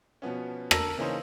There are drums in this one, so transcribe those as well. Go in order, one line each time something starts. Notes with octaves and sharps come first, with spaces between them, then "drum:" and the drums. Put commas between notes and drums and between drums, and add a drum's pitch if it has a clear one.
B2 F3 B3 C#4
A#4 A5 E6 A#6, drum: rim click
C#3 E3 A#3 C#4 D#4 C5